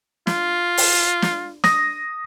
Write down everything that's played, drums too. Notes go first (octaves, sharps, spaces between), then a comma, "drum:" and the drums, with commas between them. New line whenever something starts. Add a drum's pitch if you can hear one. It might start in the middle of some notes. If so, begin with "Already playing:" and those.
F4, drum: snare
drum: open hi-hat
drum: snare
D#6 A#6, drum: snare